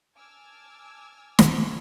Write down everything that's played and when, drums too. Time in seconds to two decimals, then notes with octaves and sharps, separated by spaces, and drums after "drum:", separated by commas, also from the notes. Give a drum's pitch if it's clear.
0.15 G#5 A5 D6 E6 F6 G#6
1.39 drum: snare